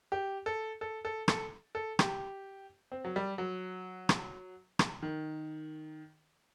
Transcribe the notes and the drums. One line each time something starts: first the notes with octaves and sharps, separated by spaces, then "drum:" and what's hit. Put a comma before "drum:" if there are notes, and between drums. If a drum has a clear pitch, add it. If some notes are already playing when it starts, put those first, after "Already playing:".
G4
A4
A4
A4
A4, drum: rim click
A4
G4, drum: rim click
C4
F#3
G3
F#3
drum: rim click
drum: rim click
D#3